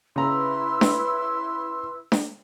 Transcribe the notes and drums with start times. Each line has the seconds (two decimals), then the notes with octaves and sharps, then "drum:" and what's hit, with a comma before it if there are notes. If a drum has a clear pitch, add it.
0.16 C#3 E4 B4 A#5 C6 E6
0.81 drum: snare D4
2.12 drum: snare D4